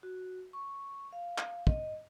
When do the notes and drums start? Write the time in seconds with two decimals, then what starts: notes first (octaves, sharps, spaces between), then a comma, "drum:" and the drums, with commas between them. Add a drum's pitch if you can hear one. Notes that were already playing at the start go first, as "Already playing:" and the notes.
0.03 F#4
0.53 C#6
1.13 F5
1.38 drum: clap
1.67 D#5, drum: kick